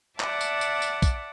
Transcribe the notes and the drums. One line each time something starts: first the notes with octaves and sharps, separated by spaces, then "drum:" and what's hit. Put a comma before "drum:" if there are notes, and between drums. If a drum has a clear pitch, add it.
D5 E5 F#5 A5 D6, drum: clap
drum: tambourine
drum: tambourine
drum: tambourine
drum: kick, tambourine